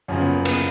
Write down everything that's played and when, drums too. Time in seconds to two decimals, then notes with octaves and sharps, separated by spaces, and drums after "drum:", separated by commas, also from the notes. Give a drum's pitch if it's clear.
0.08 F#2 C#3 F3 C#4
0.20 B3
0.33 A#3
0.45 B3, drum: cymbal